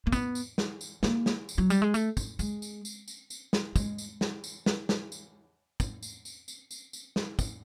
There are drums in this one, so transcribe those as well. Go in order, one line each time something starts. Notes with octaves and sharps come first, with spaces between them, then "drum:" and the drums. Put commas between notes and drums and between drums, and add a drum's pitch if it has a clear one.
A#3
B3, drum: kick, tambourine
drum: tambourine
drum: snare
drum: tambourine
A#3, drum: snare
drum: snare
drum: tambourine
F#3
G3, drum: tambourine
G#3
A3, drum: tambourine
drum: kick, tambourine
G#3, drum: tambourine
drum: tambourine
drum: tambourine
drum: tambourine
drum: tambourine
drum: snare
G#3, drum: kick, tambourine
drum: tambourine
drum: snare
drum: tambourine
drum: snare
drum: snare
drum: tambourine
drum: kick, tambourine
drum: tambourine
drum: tambourine
drum: tambourine
drum: tambourine
drum: tambourine
drum: snare
drum: kick, tambourine